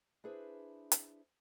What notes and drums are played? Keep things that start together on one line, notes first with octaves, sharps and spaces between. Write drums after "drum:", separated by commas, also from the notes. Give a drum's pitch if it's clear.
D4 E4 G#4 B4 C5
drum: hi-hat